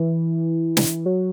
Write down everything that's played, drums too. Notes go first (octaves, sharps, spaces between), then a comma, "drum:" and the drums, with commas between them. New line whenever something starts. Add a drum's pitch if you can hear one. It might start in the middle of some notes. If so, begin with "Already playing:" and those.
Already playing: E3
drum: snare
F#3